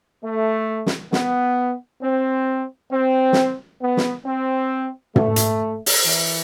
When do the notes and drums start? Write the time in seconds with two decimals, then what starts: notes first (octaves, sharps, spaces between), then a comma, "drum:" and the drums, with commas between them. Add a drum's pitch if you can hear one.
0.23 A3
0.86 drum: snare
1.13 B3, drum: snare
2.02 C4
2.92 C4
3.33 drum: snare
3.81 B3
3.97 drum: snare
4.25 C4
5.16 A3, drum: tom
5.36 drum: hi-hat
5.86 drum: open hi-hat
6.04 E3